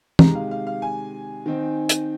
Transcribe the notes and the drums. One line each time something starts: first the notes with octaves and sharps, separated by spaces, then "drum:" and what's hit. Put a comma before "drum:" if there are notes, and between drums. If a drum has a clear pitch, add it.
C3 D#3 G#3 A#5, drum: tom
F5
F5
F5
G#5
D#3 C4 D#4
drum: hi-hat